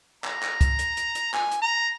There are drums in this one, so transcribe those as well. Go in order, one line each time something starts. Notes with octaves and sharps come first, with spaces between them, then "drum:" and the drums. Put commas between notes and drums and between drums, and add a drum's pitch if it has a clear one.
A#5, drum: clap
drum: clap
drum: kick, hi-hat
drum: hi-hat
drum: hi-hat
drum: hi-hat
G#5, drum: clap
drum: hi-hat
A#5